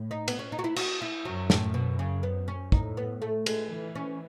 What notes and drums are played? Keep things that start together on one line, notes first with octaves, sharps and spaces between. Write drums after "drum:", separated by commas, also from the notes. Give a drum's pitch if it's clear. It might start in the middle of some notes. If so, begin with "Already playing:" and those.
Already playing: A2
D#4
B3, drum: cymbal
C#4
D#4
F#4
E4
F#4, drum: cymbal
E4
F#2 F#3
A2, drum: snare
B2
C#3
B3
C#4
A2 D#4, drum: kick
B3
A3
G#3, drum: cymbal
E3
C#4